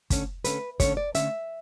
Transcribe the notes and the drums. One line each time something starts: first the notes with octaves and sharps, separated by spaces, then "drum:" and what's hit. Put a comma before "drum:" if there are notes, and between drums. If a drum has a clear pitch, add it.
D3 A3 C#4, drum: kick, hi-hat
D3 A3 C#4 B4, drum: hi-hat
D3 A3 C#4 C#5, drum: kick, hi-hat
D5
D3 A3 C#4 E5, drum: hi-hat